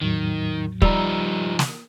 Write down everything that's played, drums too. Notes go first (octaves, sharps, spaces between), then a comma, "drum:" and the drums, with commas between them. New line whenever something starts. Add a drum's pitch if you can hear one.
E2 A2 D#3 F#3
F3 G3 D#4 A#5 E6, drum: kick
drum: snare